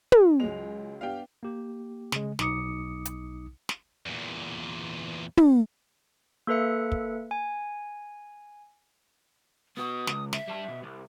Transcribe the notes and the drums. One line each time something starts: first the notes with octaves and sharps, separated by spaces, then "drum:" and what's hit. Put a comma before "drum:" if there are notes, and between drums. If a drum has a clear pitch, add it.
drum: tom
C#2 F#3 G#3 F7
B3 D4 G4 F5 G5
A#3 G4
C#3 G#3, drum: snare
B1 D#4 D6 D#6 C#7, drum: snare
drum: hi-hat
drum: snare
E2 A#2
drum: tom
A#3 A4 B4 E5 C#7
drum: kick
G#5
B3 F#4 D#6
C#2, drum: snare
E5, drum: snare
G3 A5
B2
C2